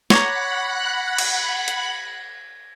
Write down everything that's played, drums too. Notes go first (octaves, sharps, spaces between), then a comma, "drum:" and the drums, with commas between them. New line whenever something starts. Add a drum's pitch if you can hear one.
C#5 D5 F#5 A#5 B5 F#6 G#6 A#6, drum: snare
drum: cymbal
drum: hi-hat